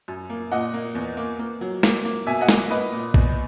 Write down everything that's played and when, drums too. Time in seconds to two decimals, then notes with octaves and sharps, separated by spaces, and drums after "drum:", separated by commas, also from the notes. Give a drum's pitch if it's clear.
0.08 F#2
0.30 A#3
0.52 A#2 D#5 F#5
0.74 A#3
0.95 E2
1.17 A#3
1.39 A#3
1.61 F#3
1.83 A#3, drum: snare
2.05 A#3
2.27 B2 E5 G#5
2.41 D#5 F#5
2.49 A#3, drum: snare
2.71 A#3 B4 D#5
2.92 A#2
3.14 E2, drum: kick